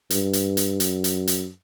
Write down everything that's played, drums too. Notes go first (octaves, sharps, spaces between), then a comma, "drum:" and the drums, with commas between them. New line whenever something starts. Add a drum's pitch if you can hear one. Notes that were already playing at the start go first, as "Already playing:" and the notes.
G2, drum: hi-hat
drum: hi-hat
drum: hi-hat
F#2, drum: hi-hat
drum: hi-hat
drum: hi-hat